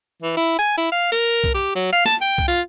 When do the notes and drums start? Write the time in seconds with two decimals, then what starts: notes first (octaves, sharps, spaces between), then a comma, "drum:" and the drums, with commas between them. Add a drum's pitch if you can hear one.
0.22 E3
0.37 E4
0.59 G#5
0.77 E4
0.91 F5
1.11 A#4
1.44 drum: kick
1.54 G4
1.75 F#3
1.92 F5
2.05 A5, drum: snare
2.21 G5
2.38 drum: kick
2.48 F4